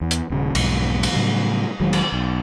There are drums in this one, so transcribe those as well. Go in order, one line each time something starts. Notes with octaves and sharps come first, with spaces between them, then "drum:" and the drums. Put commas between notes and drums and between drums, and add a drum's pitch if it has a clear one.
E2
drum: hi-hat
D#1 C#3
B1 F2 G#2, drum: cymbal
drum: cymbal
A2 C#3 F#3 G3
E1 D#3 F#3 G#3
drum: cymbal
B1